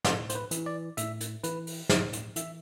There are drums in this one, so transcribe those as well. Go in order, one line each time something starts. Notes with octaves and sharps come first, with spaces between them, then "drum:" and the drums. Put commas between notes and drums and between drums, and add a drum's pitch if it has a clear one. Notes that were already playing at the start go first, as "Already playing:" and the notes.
A2 A4, drum: snare
C5, drum: hi-hat
B4
E3, drum: hi-hat
D5
A2 E5, drum: hi-hat
drum: hi-hat
E3 B4, drum: hi-hat
drum: open hi-hat
A2 C5, drum: snare
drum: hi-hat
E3 E5, drum: hi-hat